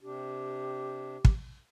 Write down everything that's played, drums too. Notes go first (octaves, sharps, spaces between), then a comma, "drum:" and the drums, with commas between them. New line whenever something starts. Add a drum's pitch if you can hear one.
C3 D4 G4
drum: kick